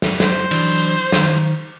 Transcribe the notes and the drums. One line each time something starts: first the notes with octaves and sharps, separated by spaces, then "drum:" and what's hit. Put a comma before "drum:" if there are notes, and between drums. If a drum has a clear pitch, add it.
drum: snare
C5, drum: snare
E3 F#3 D4, drum: cymbal
D#3, drum: snare